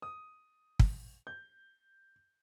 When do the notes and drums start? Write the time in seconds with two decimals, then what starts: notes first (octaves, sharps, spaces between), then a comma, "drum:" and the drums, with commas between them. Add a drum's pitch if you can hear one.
0.02 D#6
0.79 drum: kick
1.27 G6